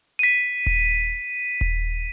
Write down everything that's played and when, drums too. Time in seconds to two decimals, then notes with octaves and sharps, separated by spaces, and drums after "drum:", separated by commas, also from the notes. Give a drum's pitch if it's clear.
0.19 B6 D#7
0.66 drum: kick D#1
1.61 drum: kick D#1